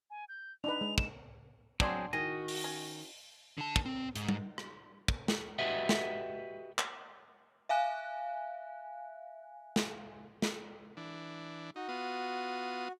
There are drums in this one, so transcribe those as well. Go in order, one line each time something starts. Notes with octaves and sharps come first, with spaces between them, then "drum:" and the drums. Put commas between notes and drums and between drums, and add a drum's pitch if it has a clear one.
G#5
G6
D4 D#4 B4 F7
G#3
E7, drum: kick
D3 F#3 C4 G#4 D5 C6, drum: kick
D#3 F#4 G#4 D#5
drum: open hi-hat
C#4
D3 A5
drum: kick
C4
G#2, drum: hi-hat
drum: tom G3
drum: rim click
drum: kick
drum: snare
F#4 G4 B4 D#5 E5 F#5
drum: snare
drum: clap
E5 F5 G#5 F#6
drum: snare
drum: snare
E3 D4
D#4 F#4
B3 F4 D#6